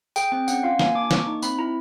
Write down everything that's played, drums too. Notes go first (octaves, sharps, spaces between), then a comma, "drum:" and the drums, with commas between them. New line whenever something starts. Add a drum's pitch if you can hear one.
G#4 G5, drum: tambourine
C4 G5
C#4 F#5, drum: tambourine
F4 F5
A#3 G#5, drum: snare
D4 D6
A#3 C#6, drum: snare
D#4
C4 B5, drum: tambourine
E4 A#5